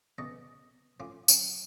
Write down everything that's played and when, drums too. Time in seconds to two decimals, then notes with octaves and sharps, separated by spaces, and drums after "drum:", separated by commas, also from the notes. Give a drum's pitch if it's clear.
0.18 C#2 B2 D#5 A5 A#5 C#6
1.00 A2 C#4 F4 C6 D6
1.28 F#3 C#4 F#4, drum: tambourine